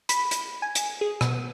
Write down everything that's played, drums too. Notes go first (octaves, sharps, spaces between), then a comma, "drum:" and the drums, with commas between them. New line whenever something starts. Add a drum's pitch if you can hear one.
B5, drum: hi-hat
drum: hi-hat
G#5
drum: hi-hat
G#4
B2, drum: rim click